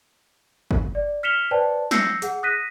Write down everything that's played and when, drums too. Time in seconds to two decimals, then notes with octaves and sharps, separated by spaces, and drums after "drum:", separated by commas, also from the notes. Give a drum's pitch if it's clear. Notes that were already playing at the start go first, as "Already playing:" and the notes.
0.71 drum: kick G1
0.95 D5
1.23 F6 B6 C#7 E7 F7 G7
1.51 B4 C5 D5 G5 A5
1.91 E6 G6 A#6 C7 C#7, drum: snare
2.22 G#4 F#5, drum: hi-hat
2.43 D#6 F#6 A#6 B6 D#7